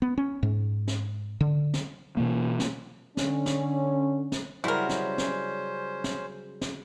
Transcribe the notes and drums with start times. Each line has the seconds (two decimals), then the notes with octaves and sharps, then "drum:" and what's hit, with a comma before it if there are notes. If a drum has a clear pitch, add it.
0.02 B3
0.18 C#4
0.43 G#2
0.88 drum: snare
1.41 D3
1.74 drum: snare
2.17 B2 E3 A#3
2.60 drum: snare
3.17 D3 C#4, drum: snare
3.46 drum: snare
4.32 drum: snare
4.64 C#3 F#3 G3 C#4 E4 A#4 C5
4.89 drum: snare
5.18 drum: snare
6.04 drum: snare
6.61 drum: snare